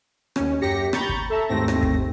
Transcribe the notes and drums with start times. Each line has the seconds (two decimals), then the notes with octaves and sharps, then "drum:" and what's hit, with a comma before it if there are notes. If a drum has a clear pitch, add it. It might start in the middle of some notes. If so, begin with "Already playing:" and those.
0.36 D#2 C#4, drum: rim click
0.61 F#2 G4 A#6 B6 C#7
0.93 A#5 B5 C#6 G6 A6, drum: rim click
1.09 drum: kick
1.29 A4 E5 A5 A#5
1.49 D#2 G#2 A3 C4 A#6
1.68 drum: rim click
1.83 drum: kick